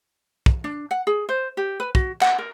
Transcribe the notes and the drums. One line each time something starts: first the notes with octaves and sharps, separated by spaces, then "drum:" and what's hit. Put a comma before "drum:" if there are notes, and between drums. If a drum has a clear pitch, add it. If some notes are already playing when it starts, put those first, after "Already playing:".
drum: kick
D4
F#5
G#4
C5
G4
B4
F#4, drum: kick
F#5, drum: clap
A#4